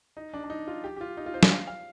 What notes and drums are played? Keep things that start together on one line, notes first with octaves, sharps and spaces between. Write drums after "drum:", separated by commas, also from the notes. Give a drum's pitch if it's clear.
D#4
D4
D4
D#4
F4
G4
G4
F4
D#4
F4
C5
D5, drum: snare
F5
F5